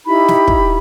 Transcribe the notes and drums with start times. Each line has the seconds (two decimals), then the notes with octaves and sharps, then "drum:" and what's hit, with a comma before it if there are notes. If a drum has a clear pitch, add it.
0.05 D#4 E4 G4 B5
0.28 drum: snare
0.48 drum: kick